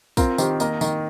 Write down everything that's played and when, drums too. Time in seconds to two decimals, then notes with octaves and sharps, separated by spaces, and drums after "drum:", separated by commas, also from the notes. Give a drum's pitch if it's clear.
0.17 C4 F4 A#4, drum: kick, tambourine
0.38 D#3 G4 C5, drum: tambourine
0.60 A#3 A#4 D#5, drum: tambourine
0.81 D#3, drum: tambourine